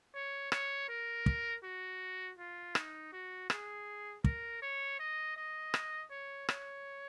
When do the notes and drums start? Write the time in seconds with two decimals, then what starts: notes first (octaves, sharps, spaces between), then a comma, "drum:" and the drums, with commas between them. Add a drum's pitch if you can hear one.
0.14 C#5
0.52 C#5, drum: rim click
0.89 A#4
1.26 drum: kick
1.64 F#4
2.38 F4
2.75 D#4, drum: rim click
3.13 F#4
3.50 G#4, drum: rim click
4.24 A#4, drum: kick
4.62 C#5
4.99 D#5
5.36 D#5
5.74 drum: rim click
6.11 C#5
6.49 C#5, drum: rim click